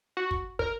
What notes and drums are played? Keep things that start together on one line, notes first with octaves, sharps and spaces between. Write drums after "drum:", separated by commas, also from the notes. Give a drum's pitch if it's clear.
F#4
drum: kick
A#4, drum: kick